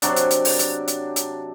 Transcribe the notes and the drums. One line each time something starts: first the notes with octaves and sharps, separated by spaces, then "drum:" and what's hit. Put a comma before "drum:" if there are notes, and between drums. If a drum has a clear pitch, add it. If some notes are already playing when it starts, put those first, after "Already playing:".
C3 F#3 D4, drum: hi-hat
drum: hi-hat
drum: hi-hat
drum: open hi-hat
drum: hi-hat
drum: hi-hat
drum: hi-hat